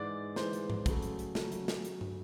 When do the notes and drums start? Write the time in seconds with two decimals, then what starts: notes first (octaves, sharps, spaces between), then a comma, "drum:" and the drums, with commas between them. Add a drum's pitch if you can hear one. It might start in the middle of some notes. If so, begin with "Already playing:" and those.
Already playing: G#2 E3 G#3 D5
0.36 G#2 E3 G#3 C5, drum: snare
0.53 drum: hi-hat
0.70 drum: tom G#2
0.86 C#3 F#3 A3, drum: kick, hi-hat
1.02 drum: hi-hat
1.19 drum: hi-hat
1.35 C#3 F#3 A3, drum: snare
1.52 drum: hi-hat
1.68 drum: snare
1.85 drum: hi-hat
2.01 drum: tom